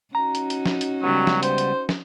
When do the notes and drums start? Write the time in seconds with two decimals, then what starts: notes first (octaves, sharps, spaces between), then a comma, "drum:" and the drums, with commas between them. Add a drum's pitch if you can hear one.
0.15 C#4 D#4 F#4 A#5
0.35 drum: hi-hat
0.50 drum: hi-hat
0.66 drum: snare
0.81 drum: hi-hat
1.03 C#2 F#3 G3 B3
1.27 drum: snare
1.43 C5, drum: hi-hat
1.58 drum: hi-hat
1.89 drum: snare